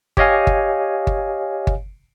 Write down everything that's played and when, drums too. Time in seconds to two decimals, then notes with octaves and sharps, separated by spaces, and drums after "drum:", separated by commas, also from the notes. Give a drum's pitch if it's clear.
0.17 G4 C#5 D#5 F5 G#5, drum: kick G1
0.47 drum: kick G1
1.07 drum: kick G1
1.67 drum: kick G1